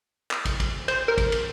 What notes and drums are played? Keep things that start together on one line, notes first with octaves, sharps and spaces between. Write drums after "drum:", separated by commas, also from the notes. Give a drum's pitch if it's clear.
drum: clap
drum: kick, cymbal
drum: kick, cymbal
C5, drum: cymbal
A#4
drum: kick, cymbal
drum: cymbal